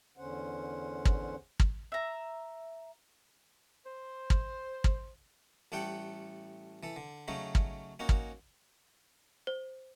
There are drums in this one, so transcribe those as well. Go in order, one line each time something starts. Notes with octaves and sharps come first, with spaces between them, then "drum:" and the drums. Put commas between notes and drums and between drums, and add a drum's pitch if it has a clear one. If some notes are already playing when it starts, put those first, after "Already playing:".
E2 D3 C#4 C5 F#5
drum: kick
drum: kick
E5 A#5
C5
drum: kick
drum: kick
A1 G3 A3 A4 F#5 G5
E3 A4
D3
C#3 F#3 A3 C#4 D#4
drum: kick
A#3 C#4 D#4 F#4
drum: kick
C5